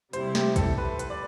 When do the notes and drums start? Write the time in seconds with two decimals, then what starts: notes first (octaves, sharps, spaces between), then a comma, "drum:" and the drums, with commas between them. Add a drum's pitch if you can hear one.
0.13 C3 G3 C4 E4 C5, drum: hi-hat
0.35 G4, drum: snare
0.56 A4, drum: kick, hi-hat
0.78 B4
0.99 B4, drum: hi-hat
1.10 D5